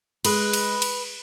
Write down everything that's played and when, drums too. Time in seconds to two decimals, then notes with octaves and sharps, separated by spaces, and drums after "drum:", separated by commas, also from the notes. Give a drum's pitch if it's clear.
0.25 G#3 B4, drum: cymbal
0.53 drum: cymbal
0.82 drum: cymbal